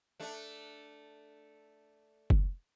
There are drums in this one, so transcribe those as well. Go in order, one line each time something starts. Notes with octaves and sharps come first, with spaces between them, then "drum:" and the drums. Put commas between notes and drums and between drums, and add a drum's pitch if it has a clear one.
A3 D4
drum: kick F#1